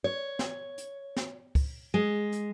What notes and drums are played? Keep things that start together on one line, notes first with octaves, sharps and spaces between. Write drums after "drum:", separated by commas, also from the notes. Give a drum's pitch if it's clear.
C#5
drum: snare
drum: hi-hat
drum: snare
drum: kick, open hi-hat
G#3
drum: hi-hat